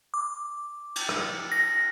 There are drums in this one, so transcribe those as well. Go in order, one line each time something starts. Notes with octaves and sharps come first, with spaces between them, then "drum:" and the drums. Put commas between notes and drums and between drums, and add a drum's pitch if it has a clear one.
D6
drum: cymbal
drum: rim click
A#6